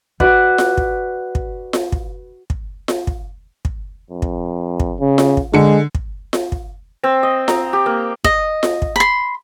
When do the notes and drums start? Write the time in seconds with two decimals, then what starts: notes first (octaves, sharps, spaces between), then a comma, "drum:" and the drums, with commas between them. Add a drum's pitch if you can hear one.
0.20 F#4 B4 D5 F#5, drum: kick
0.58 drum: snare F4
0.77 drum: kick
1.35 drum: kick
1.73 drum: snare F4
1.92 drum: kick
2.50 drum: kick
2.88 drum: snare F4
3.07 drum: kick
3.65 drum: kick
4.11 F2
4.22 drum: kick
4.80 drum: kick
5.00 C#3
5.18 drum: snare F4
5.37 drum: kick
5.54 D3 G#3 C#7
5.95 drum: kick
6.33 drum: snare F4
6.52 drum: kick
7.03 C4
7.23 D#5
7.48 A#5, drum: snare F4
7.73 G4
7.86 A#3
8.24 D#5, drum: kick
8.63 drum: snare F4
8.82 drum: kick
8.96 B5 C6